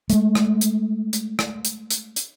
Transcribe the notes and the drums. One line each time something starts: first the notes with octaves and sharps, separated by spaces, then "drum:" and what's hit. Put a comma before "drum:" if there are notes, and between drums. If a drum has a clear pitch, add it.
G#3 A3, drum: hi-hat
drum: rim click
drum: hi-hat
drum: hi-hat
drum: rim click
drum: hi-hat
drum: hi-hat
drum: hi-hat